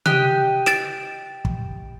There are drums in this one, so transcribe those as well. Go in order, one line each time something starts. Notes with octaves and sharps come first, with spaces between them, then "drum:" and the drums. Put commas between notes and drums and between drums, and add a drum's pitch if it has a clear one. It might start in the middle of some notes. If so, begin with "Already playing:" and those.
G4 D#5 G5 F#6, drum: tom C3
A6 D7 E7, drum: snare
drum: kick